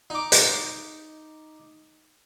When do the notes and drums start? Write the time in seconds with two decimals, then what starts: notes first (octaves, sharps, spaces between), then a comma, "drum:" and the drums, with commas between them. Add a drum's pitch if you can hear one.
0.10 D#4 D6
0.32 drum: hi-hat